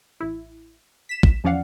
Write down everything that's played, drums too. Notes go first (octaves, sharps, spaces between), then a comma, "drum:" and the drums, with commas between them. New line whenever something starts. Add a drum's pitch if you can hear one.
A1 E4
B6 E7
drum: kick
E2 F3 C#4 D5 F5 F#5